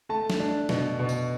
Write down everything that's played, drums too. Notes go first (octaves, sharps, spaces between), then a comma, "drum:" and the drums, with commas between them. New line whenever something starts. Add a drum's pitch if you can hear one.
A3 A5
drum: snare
D4
B2, drum: snare
B2
drum: tambourine